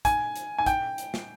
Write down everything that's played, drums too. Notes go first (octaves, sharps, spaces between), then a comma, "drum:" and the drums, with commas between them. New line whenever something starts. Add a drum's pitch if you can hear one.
G#5, drum: kick, hi-hat
drum: hi-hat
G#5
G5, drum: kick, hi-hat
drum: hi-hat
drum: snare